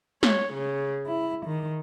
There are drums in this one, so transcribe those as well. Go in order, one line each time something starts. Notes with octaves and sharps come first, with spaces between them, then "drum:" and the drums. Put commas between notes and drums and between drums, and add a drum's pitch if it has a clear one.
C#5, drum: snare
C#3
E4
D#3